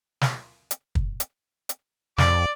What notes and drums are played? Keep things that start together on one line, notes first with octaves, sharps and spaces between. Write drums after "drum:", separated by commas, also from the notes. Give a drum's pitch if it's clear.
drum: snare
drum: hi-hat
drum: kick
drum: hi-hat
drum: hi-hat
F2 D5, drum: snare